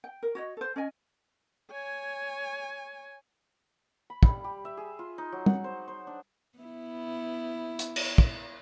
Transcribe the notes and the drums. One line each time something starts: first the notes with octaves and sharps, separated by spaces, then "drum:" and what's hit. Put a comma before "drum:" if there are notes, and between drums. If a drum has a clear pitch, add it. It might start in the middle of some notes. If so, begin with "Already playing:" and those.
G5
A#4
F#4 C#5 D#5
A4 C5
C#4 D#5 G#5
C#5 G#5
B5
G3, drum: kick
G4
E5
G#4
F4
D#4
F#3
F#5, drum: tom
C5
C5
D4
B3 E4
drum: hi-hat
drum: cymbal
drum: kick